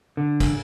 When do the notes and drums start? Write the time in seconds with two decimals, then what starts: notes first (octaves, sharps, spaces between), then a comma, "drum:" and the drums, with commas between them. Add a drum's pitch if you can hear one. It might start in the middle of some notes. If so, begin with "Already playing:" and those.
0.17 D3
0.40 drum: kick, cymbal